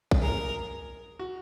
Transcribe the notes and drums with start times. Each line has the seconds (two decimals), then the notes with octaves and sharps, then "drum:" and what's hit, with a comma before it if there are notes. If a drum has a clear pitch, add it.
0.11 drum: kick
0.22 G#4 A#4
1.19 F#4